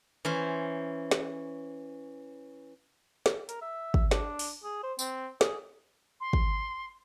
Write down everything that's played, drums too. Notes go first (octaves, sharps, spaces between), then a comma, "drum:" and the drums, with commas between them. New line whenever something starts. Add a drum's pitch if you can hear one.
E3 C#4 C5
drum: snare
drum: snare
A#4, drum: hi-hat
E5
drum: kick
D4, drum: snare
drum: open hi-hat
G#4
C5
C4, drum: tambourine
G#4, drum: snare
C6
drum: kick